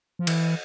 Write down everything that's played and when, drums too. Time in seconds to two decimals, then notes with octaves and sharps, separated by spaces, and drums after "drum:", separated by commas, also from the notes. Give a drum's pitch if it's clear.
0.19 F3
0.27 E3, drum: cymbal